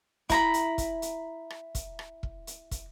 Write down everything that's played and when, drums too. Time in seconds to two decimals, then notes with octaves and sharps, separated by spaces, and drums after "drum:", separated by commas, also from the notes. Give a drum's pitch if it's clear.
0.30 E4 A#5 B5, drum: kick, hi-hat
0.54 drum: hi-hat
0.78 drum: kick, hi-hat
1.02 drum: hi-hat
1.50 drum: rim click
1.75 drum: kick, hi-hat
1.99 drum: rim click
2.23 drum: kick
2.47 drum: hi-hat
2.71 drum: kick, hi-hat